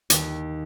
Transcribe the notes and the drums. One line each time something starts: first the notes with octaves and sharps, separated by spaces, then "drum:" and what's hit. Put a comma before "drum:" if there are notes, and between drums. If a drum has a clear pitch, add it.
D#2, drum: hi-hat